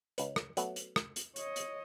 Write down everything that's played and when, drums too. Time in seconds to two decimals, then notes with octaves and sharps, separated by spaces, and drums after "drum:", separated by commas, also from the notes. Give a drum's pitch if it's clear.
0.18 C#2 B4, drum: hi-hat
0.36 drum: rim click
0.57 F#3 A3 B3, drum: hi-hat
0.76 drum: hi-hat
0.96 drum: rim click
1.16 drum: hi-hat
1.36 C#5 D#5, drum: hi-hat
1.56 drum: hi-hat